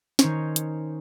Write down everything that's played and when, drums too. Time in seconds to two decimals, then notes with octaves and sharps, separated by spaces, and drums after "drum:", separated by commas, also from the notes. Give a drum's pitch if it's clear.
0.19 D#3 C#4 D#4 C5 C#5, drum: snare
0.56 drum: hi-hat